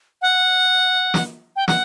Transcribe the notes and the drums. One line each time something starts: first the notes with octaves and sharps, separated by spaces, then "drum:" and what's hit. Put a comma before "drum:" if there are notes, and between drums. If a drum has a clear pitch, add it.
F#5
drum: snare
G5
F#5, drum: snare